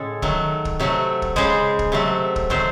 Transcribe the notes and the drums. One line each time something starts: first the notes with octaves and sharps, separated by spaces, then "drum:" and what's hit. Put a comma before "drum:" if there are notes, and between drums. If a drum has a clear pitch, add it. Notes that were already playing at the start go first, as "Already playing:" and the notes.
Already playing: A2 C#3 G#3 A4
D#3 F#3 A3, drum: kick
drum: kick
C3 F#3 A3
drum: kick
C#3 G#3 C5, drum: kick
drum: kick
C3 F#3 A3
drum: kick
C3 D#3 F#3 A3 C5, drum: kick